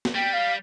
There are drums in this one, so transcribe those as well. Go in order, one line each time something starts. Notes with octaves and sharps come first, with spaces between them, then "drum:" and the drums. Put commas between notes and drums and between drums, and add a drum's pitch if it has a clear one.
drum: snare
G3 G5
F5